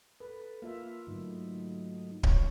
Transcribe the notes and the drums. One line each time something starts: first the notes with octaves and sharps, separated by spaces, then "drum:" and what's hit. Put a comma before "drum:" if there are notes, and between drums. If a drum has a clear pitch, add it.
A4 B4
A#3 F4 E5 F5
G#2 D3 F#3 A3 D#4
A#2 E3 F3 C#4 C#5, drum: kick D1